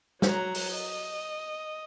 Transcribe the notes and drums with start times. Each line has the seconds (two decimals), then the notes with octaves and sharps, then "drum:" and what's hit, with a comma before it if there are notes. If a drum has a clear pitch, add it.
0.22 F#3 A#5, drum: snare
0.54 drum: open hi-hat
0.72 D#5